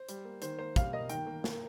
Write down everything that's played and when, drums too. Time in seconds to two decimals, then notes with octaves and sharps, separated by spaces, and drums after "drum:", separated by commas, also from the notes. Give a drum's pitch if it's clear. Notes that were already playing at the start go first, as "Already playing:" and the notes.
Already playing: C5
0.09 G3, drum: hi-hat
0.25 A#3
0.42 D#3 C5, drum: hi-hat
0.59 A#3 C5
0.76 G3 F5, drum: kick, hi-hat
0.93 A#3 D#5
1.09 D#3 G5, drum: hi-hat
1.26 A#3
1.44 A#3, drum: snare